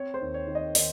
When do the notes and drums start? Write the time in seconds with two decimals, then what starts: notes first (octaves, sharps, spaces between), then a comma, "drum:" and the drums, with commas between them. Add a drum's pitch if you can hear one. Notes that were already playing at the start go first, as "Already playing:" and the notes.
Already playing: C4 C#5
0.14 C5
0.21 D#2
0.34 C#5
0.48 D#3
0.55 D#5
0.75 D#3 D#5, drum: open hi-hat